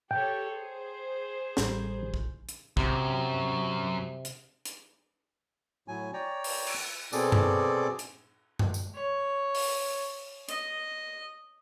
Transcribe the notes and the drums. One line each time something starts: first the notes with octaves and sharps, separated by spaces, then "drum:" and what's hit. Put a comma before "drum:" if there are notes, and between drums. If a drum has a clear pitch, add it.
G4 A4 C#5 G5
G#4 C5
A1 G3, drum: snare
drum: kick A#1
drum: hi-hat
F#2 C3 F#3, drum: kick A#1
drum: hi-hat
drum: hi-hat
A2 F#3 G#5
C#5 D5 G5 A#5
drum: open hi-hat
drum: cymbal
B2 C4 G#4 A4 D5 D6, drum: tambourine
drum: tom F#2
drum: hi-hat
drum: tom F#2
drum: tambourine
C#5
drum: open hi-hat
D#5, drum: hi-hat